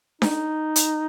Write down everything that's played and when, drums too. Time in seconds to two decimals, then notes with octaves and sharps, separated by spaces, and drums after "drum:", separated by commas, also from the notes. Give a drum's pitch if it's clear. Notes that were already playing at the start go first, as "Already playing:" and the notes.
0.22 D#4, drum: snare D4
0.76 drum: hi-hat